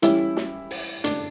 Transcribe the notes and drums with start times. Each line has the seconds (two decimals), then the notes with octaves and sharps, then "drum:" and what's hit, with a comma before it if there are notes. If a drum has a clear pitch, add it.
0.02 E3 G3 C#4 E4, drum: hi-hat
0.37 drum: snare
0.71 drum: open hi-hat
1.04 D4, drum: hi-hat